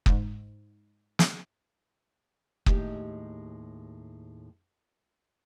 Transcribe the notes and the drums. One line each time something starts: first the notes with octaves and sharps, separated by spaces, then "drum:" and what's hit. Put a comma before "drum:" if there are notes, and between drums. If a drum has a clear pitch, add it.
G#2 G#3, drum: kick
drum: snare
D#2 A2 G#3 D#4 G4, drum: kick